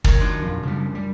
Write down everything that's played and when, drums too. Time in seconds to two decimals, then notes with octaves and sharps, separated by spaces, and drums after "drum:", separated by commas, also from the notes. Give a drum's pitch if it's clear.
0.04 D#3 A#4 C#5, drum: kick
0.20 F#2 D4 F4
0.42 F2 B2
0.63 C#3 G3
0.95 G3